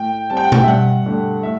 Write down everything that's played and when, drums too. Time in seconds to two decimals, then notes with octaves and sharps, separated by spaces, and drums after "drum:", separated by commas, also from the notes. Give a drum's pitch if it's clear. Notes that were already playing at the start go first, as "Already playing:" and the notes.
Already playing: A2 G5
0.30 G3 C4 A5
0.37 G5
0.44 F#5
0.52 G5, drum: tom B2
0.63 E5
0.67 G2 F#5
1.06 D3 A3 D4
1.43 A2 E5